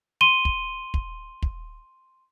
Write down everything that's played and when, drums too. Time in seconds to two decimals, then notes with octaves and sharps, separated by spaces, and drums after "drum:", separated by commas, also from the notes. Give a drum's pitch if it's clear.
0.21 C6 D#7 G7
0.45 drum: kick
0.94 drum: kick
1.42 drum: kick